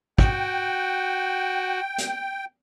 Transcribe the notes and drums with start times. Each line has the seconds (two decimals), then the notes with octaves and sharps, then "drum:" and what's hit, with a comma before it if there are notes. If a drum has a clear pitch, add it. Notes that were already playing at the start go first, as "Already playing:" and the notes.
0.18 F#4 G5, drum: kick
1.98 drum: hi-hat